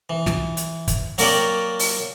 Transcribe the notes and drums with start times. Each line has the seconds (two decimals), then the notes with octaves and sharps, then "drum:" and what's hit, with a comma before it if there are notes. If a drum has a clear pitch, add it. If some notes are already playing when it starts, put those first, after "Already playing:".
0.10 E3
0.26 drum: snare
0.57 drum: hi-hat
0.88 drum: kick, hi-hat
1.18 F#3 A#3 F#4 A#4 D5 G5, drum: open hi-hat
1.79 drum: open hi-hat